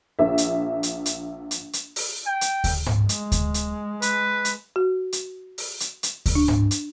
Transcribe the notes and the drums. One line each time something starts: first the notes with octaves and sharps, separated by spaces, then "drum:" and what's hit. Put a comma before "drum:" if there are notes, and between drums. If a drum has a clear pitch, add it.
A#1 E5
drum: hi-hat
drum: hi-hat
drum: hi-hat
drum: hi-hat
drum: hi-hat
drum: open hi-hat
G5
drum: hi-hat
drum: kick D2, open hi-hat
drum: tom G#2
G#3, drum: hi-hat
drum: kick D2, hi-hat
drum: hi-hat
B4, drum: hi-hat
drum: hi-hat
F#4
drum: hi-hat
drum: open hi-hat
drum: hi-hat
drum: hi-hat
drum: kick D2, open hi-hat
D4
drum: tom G#2
drum: hi-hat